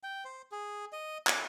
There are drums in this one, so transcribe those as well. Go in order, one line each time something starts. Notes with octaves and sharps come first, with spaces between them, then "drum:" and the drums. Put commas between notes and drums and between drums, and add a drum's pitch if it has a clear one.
G5
C5
G#4
D#5
D6, drum: clap